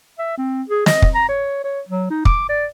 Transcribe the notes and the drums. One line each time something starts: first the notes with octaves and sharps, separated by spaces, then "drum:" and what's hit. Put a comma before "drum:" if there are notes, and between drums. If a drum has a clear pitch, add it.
E5
C4
G#4
D#5, drum: snare
drum: kick
A#5
C#5
C#5
F#3
D#4
D6, drum: kick
D5